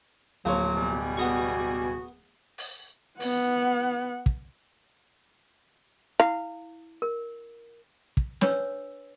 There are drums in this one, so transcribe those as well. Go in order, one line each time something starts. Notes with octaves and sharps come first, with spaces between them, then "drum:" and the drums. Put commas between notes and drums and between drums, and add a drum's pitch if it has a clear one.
D1 F3 F#3 A#3 C#5
B2 G3 G#5
B3 F#4 G#4 C#6
drum: open hi-hat
B3 F#5, drum: open hi-hat
drum: kick
E4 F5, drum: rim click
A#4
drum: kick
D4 B4 C#5 E6, drum: snare